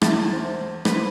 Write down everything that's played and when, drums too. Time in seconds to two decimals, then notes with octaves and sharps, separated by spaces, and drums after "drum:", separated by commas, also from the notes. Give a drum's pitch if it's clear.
0.02 E2 E4 A5, drum: rim click
0.33 C5
0.85 B4 C5, drum: rim click